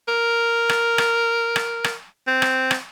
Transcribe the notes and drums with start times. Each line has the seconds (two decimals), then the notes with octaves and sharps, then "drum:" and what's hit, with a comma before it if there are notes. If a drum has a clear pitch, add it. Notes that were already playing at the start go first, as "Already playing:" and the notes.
0.08 A#4
0.69 drum: rim click
0.98 drum: rim click
1.56 drum: rim click
1.84 drum: rim click
2.28 C4
2.42 drum: rim click
2.71 drum: rim click